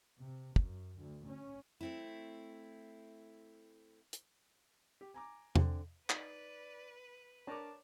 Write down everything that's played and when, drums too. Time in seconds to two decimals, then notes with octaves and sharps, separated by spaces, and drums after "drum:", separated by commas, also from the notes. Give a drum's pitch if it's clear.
0.19 C3
0.56 F#2, drum: kick
0.97 D2
1.27 C#4
1.81 A3 C4 E4
4.13 drum: hi-hat
5.01 G4
5.14 G#5 A#5 D6
5.56 D3 C4, drum: tom E2
6.10 D#4 B4 D5 B5, drum: clap
7.47 D4 A#4 C#5 G5 A5 A#5 D6